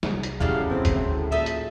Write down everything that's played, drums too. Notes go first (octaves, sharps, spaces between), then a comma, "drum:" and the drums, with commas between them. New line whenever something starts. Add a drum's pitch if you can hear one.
C2 D#4, drum: snare
drum: hi-hat
E2 A2 C#3 F#3 G#3 G4 D5 F5
D2 C4
drum: kick, hi-hat
A#2 D#4 A4 D#5 E5
drum: hi-hat